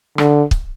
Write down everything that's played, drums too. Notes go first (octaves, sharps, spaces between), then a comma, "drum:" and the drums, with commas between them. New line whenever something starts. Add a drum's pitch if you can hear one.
D3, drum: rim click
drum: kick